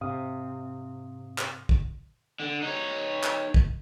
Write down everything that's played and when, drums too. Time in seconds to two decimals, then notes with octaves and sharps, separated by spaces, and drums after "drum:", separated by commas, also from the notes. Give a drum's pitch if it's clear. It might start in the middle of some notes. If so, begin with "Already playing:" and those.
0.01 G#2 C3 F5 D#6
1.38 drum: clap
1.69 drum: kick
2.40 D3
2.62 D#4 C#5
3.24 drum: clap
3.54 drum: kick